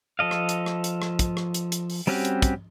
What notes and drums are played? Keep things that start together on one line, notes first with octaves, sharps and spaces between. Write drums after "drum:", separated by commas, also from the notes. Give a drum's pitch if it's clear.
F3 A4 D#5 F5
drum: rim click
drum: hi-hat
drum: rim click
drum: hi-hat
drum: rim click
drum: kick, hi-hat
drum: rim click
drum: hi-hat
drum: hi-hat
drum: open hi-hat
G3 C4 C#4 F#4 G4, drum: open hi-hat
drum: hi-hat
drum: kick, hi-hat